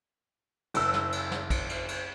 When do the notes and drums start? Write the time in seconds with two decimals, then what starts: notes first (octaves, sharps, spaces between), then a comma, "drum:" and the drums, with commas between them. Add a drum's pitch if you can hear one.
0.74 F#1 E6, drum: cymbal
0.93 drum: snare
1.12 drum: cymbal
1.31 drum: snare
1.50 drum: kick, cymbal
1.69 drum: cymbal
1.88 drum: cymbal